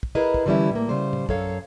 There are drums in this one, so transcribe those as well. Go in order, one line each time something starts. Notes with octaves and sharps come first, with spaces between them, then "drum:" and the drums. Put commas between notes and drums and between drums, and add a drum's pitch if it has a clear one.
drum: kick
E4 G#4 A#4 B4 D#5
drum: kick
D3 E3 G3 C#4 E4
A2 A#3
C#3 G3 C5
drum: tom
F#2 A4 C#5 F5, drum: kick